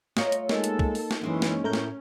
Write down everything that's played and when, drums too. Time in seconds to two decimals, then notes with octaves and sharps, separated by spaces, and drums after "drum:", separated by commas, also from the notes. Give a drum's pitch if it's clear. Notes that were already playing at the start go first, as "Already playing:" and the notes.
0.17 A3 F4 C#5 D#5 A#5, drum: snare
0.32 drum: hi-hat
0.49 G#3 A#3 D#4 A4, drum: snare
0.64 drum: hi-hat
0.79 drum: kick
0.95 drum: open hi-hat
1.11 drum: snare
1.21 F#2 E3 G#3 C4 C#4
1.42 drum: snare
1.64 A2 A3 A#4 G6
1.73 drum: snare